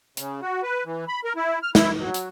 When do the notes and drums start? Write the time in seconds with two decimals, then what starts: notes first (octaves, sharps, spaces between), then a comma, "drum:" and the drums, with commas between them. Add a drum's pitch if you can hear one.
0.17 C#3, drum: hi-hat
0.42 F#4
0.63 B4
0.85 E3
1.08 B5
1.25 A#4
1.36 E4
1.63 F6
1.75 E4, drum: snare
1.98 F#3
2.14 drum: hi-hat